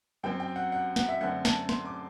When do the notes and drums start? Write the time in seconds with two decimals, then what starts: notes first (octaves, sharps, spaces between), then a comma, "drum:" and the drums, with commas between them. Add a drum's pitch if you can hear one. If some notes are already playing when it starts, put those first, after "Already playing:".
0.23 F#2 F#3 C4 G5
0.40 G5
0.56 F#5
0.72 F#5
0.96 F#5, drum: snare
1.08 E5
1.21 F#2 D3 A3 C4 F#5
1.45 A5, drum: snare
1.69 C6, drum: snare
1.85 D6